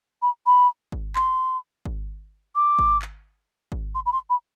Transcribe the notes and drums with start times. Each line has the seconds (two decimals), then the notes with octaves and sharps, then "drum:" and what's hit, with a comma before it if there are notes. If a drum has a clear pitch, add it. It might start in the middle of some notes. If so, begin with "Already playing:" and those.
0.22 B5
0.46 B5
0.92 drum: kick G#1
1.16 C6, drum: clap
1.85 drum: kick G#1
2.56 D6
2.79 drum: kick G#1
3.02 drum: clap
3.72 drum: kick G#1
3.95 C6
4.06 B5
4.12 C6
4.30 B5